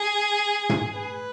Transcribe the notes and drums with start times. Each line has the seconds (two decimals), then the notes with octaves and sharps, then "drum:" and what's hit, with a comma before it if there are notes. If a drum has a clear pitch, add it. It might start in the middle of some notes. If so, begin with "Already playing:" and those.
Already playing: G#4
0.69 drum: tom
0.97 B4